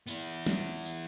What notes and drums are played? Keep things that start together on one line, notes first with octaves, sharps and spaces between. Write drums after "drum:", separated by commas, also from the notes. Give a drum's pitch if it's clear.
B3 E4, drum: tambourine
drum: snare
drum: tambourine